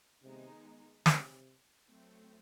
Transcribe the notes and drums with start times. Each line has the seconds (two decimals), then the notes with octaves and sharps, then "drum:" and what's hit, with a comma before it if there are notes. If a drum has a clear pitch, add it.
0.23 C3 D#3 G#3 B3 D#4
1.06 C3, drum: snare
1.90 F#3 A3 C4